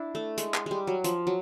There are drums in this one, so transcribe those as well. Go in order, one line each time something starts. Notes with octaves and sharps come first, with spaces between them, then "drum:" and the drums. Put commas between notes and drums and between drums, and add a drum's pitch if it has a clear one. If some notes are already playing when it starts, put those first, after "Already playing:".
Already playing: D4 E4
A3
G#3, drum: hi-hat
drum: clap
G3 G#3
F#3
F3, drum: hi-hat
F#3